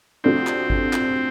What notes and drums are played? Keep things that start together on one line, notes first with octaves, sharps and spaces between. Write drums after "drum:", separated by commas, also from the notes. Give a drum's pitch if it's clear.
C3 F3 A3 C4 D4 F#4
drum: clap
drum: kick G#1
drum: clap